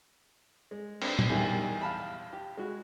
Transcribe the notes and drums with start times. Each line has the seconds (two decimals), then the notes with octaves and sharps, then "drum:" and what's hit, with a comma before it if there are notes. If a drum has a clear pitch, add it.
0.71 G#3
1.02 C4 D4, drum: cymbal
1.19 drum: tom
1.29 E2 D#3 G3 E5 G#5
1.81 F5 A5 B5
2.33 G4
2.57 G#3 F#4